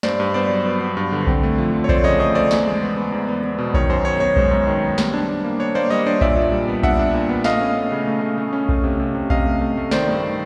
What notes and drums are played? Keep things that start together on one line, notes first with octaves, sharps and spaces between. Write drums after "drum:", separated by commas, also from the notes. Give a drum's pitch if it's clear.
G2 C5 D5, drum: snare
G2
B3 C5 D5
F#3
B3
B3
G2
D3
C4, drum: kick B1
A3
F3
F3
C#5
A3 C5 D5, drum: kick B1
C#3 C#5 D#5
A3 C#5 D#5
A3 C5 D5
E2, drum: snare
G#3
B3
B3
E2
B3
B3
B2
D#3 C#5, drum: kick B1
F#2 C5
B3 C#5
B3 C#5
G#3 C5, drum: kick B1
F#2
D#3
B3
G3, drum: snare
D4
D4
A#3
D4 C#5
A#3 C5 D5
G3 C#5 D#5
D4 C5 D5
A#2 D5 E5, drum: kick B1
A#2
G3
B3
D4 E5 F#5, drum: kick B1
D4
A#2
B3
A3 D#5 F5, drum: snare
C#4
A3
C#3
A3
C#3
A3
C#4
A3, drum: kick B1
C3
C3
C3
C3 D#5 F5, drum: kick B1
A3
A3
A3
D#3 C5 D5, drum: snare
G2
D#3